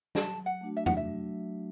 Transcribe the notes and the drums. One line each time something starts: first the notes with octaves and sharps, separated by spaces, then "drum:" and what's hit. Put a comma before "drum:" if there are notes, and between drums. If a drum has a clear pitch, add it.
F#3 A5, drum: snare
F#5
A3 D4 F#4
E5
F#5, drum: tom E2
E5
F#3